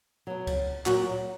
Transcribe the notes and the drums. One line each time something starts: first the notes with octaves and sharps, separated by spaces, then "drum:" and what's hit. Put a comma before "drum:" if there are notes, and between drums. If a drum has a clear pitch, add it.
B2 F#3
drum: kick C#2, cymbal
A#2 F#3 F#4, drum: clap